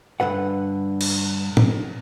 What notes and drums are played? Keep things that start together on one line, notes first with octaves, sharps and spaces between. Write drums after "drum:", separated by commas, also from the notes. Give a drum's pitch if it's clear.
G2 D3 B4 F#5
drum: cymbal
drum: tom